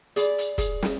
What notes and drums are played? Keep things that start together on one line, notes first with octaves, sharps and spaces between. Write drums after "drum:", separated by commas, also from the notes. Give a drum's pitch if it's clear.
G#4 D5 B5, drum: hi-hat
drum: hi-hat
G#4, drum: kick, hi-hat
drum: snare